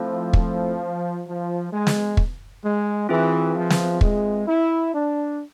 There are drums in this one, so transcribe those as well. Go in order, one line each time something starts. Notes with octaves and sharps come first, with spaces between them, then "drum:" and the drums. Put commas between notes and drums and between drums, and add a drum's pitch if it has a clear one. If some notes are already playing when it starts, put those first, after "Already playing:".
Already playing: F3 A3 C4 E4 A4 C5
drum: kick
F3
G#3
drum: snare
drum: kick
G#3
E3 C4 F4 G#4 B4 E5
F3
drum: snare
G#3, drum: kick
E4
D4